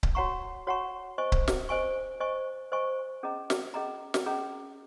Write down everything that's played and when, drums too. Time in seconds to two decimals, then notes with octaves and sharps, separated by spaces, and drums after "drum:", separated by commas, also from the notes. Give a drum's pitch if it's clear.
0.03 drum: kick C#1
0.15 F#4 C#5 F#5 A#5 C#6
0.67 F#4 C#5 F#5 A#5 C#6
1.18 C5 D#5 G#5 C#6
1.32 drum: kick C#1
1.48 drum: snare
1.69 C5 D#5 G#5 C#6
2.20 C5 D#5 G#5 C#6
2.72 C5 D#5 G#5 C#6
3.23 C#4 G#4 D#5 A#5
3.50 drum: snare
3.74 C#4 G#4 D#5 A#5
4.14 drum: snare
4.26 C#4 G#4 D#5 A#5